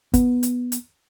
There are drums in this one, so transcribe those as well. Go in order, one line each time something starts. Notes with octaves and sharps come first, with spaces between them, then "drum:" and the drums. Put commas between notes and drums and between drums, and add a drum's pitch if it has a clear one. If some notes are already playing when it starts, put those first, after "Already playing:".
B3, drum: kick, hi-hat
drum: hi-hat
drum: hi-hat